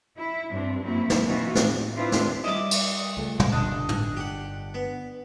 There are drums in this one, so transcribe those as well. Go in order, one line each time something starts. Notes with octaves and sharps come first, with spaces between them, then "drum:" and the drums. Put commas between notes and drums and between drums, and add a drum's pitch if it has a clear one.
E4
G2 C4 D4
F#2 F#3 A#3 C4 E4
drum: snare
B2 E3 C4 D#4 F4 F#4
A2, drum: snare
C4 D4 E4 F4 B4 C5
drum: snare
G3 E4 D#5 D6
drum: cymbal
C#2 A3
drum: tom
G1 D4 D#5
drum: tom
G4 F#5
B3